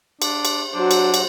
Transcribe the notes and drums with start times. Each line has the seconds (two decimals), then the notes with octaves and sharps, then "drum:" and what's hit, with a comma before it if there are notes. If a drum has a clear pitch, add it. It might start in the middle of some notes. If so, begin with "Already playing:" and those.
0.22 D4, drum: cymbal
0.45 drum: cymbal
0.74 F#3 D4 F#4 C5
0.91 drum: cymbal
1.14 drum: cymbal